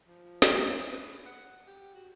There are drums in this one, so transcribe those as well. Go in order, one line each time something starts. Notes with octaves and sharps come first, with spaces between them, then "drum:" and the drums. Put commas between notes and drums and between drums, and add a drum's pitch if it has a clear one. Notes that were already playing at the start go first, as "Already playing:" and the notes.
F3
drum: snare
B4
F#5
G4
F#4